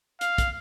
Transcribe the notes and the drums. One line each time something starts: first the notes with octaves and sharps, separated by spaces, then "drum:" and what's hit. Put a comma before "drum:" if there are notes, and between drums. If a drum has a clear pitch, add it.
F5, drum: hi-hat
drum: kick, hi-hat